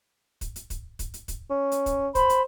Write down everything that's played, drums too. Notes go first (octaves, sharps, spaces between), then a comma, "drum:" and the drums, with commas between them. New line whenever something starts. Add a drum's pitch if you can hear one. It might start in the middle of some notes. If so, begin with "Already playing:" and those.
drum: kick, hi-hat
drum: hi-hat
drum: kick, hi-hat
drum: kick, hi-hat
drum: hi-hat
drum: kick, hi-hat
C#4
drum: hi-hat
drum: kick, hi-hat
C5 B5, drum: kick, hi-hat
drum: hi-hat